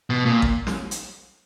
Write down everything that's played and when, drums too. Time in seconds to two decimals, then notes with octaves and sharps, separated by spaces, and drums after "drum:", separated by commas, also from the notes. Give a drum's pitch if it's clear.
0.10 B2
0.25 A#2
0.42 drum: kick A1
0.67 drum: snare
0.91 drum: hi-hat